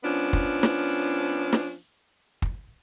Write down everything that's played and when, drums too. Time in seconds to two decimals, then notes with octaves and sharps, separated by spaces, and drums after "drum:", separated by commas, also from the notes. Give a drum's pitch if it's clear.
0.03 F3 B3 C#4 D4
0.33 drum: kick
0.63 drum: snare
1.53 drum: snare
2.42 drum: kick